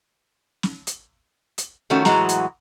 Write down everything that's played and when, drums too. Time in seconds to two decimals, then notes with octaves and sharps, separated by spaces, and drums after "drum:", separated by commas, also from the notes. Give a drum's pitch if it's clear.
0.63 drum: snare
0.87 drum: hi-hat
1.58 drum: hi-hat
1.90 D#3 F3 A3 C#4 F#4
2.05 A2 E3 F#3 G#3 F#4 A#5, drum: snare
2.29 drum: hi-hat